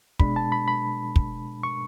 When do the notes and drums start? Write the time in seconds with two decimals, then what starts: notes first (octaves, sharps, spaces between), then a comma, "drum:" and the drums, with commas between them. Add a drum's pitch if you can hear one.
0.19 B2 G#3 D4 B5, drum: kick
0.36 A5
0.52 B5
0.68 B5
1.16 drum: kick
1.63 C#6